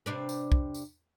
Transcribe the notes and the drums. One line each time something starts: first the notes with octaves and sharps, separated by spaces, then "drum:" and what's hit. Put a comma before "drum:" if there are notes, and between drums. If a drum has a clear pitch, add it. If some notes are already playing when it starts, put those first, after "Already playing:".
C3 D4 B4
drum: tambourine
drum: kick
drum: tambourine